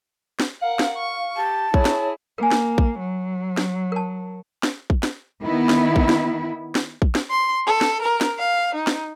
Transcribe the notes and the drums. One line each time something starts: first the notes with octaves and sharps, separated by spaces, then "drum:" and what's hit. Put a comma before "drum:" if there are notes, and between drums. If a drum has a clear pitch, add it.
drum: snare
A#4 F5 F#5
drum: snare
C#6
G4 A5
E4 G#4 C#5, drum: kick
drum: snare
A#3 A#4 G#5
drum: snare
drum: kick
F#3
drum: snare
A#4 A5
drum: snare
drum: kick
drum: snare
D#3 B3 E4
drum: snare
drum: kick
drum: snare
drum: snare
drum: kick
drum: snare
C6
A4
drum: snare
A#4
drum: snare
F5
D#4
drum: snare